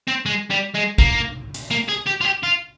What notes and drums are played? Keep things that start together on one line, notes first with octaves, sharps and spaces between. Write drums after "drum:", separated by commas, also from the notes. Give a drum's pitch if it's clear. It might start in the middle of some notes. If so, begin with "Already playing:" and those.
C4
G#3
G3
G#3
A#3, drum: kick G#1
drum: hi-hat
A#3
G#4
G4
F4
G4
F4